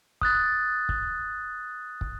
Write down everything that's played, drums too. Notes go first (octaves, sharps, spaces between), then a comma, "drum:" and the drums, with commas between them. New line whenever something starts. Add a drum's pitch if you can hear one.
D#6 F#6 A6, drum: kick
drum: kick
drum: kick